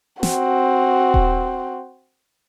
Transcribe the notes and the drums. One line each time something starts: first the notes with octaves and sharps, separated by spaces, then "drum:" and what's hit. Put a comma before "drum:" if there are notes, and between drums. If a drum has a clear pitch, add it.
C4 F#4, drum: snare
drum: kick D#1